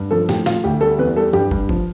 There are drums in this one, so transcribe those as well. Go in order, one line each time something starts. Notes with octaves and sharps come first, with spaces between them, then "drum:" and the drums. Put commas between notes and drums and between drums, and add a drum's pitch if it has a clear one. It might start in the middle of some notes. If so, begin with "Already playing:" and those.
Already playing: G2
F3 A4
A2 G4, drum: snare
A2 F4, drum: snare
D2 G4
G3 A4
E2 B4
G3 A4
G2 G4, drum: tom
G2, drum: kick
F3, drum: kick